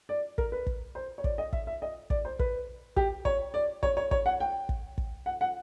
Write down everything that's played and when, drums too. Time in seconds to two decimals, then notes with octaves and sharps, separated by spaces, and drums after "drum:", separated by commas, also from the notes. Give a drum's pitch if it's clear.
0.09 D5
0.38 A#4, drum: kick
0.52 B4
0.67 drum: kick
0.95 C5
1.18 C#5
1.24 D5, drum: kick
1.38 D#5
1.53 E5, drum: kick
1.67 E5
1.82 D#5
2.10 D5, drum: kick
2.25 C5
2.39 B4, drum: kick
2.96 G4, drum: kick
3.25 C#5, drum: kick
3.54 D5
3.83 C#5, drum: kick
3.97 C#5
4.11 C#5, drum: kick
4.26 F#5
4.40 G5
4.69 drum: kick
4.98 drum: kick
5.26 F#5
5.41 F#5